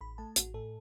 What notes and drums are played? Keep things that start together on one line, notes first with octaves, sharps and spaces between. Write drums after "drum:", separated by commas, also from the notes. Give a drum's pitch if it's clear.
A1 B5
A3 A5
A1 F#4, drum: hi-hat
A2 A4